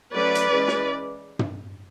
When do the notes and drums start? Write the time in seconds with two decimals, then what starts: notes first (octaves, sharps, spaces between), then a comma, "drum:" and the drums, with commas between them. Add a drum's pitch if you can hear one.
0.14 F#3 A3 C#4 B4 D5
0.35 drum: hi-hat
0.52 E3 G#3 C#4
0.68 drum: snare
1.39 drum: tom